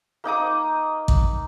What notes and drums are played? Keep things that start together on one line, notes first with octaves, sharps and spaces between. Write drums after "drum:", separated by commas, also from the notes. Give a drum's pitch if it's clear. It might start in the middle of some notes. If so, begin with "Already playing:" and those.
A#3 D#4 D6 D#6
drum: kick